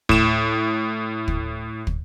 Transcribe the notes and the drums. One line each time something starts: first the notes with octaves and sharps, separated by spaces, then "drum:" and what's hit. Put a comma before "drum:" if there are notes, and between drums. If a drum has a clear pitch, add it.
A2 E7, drum: kick
drum: kick
drum: kick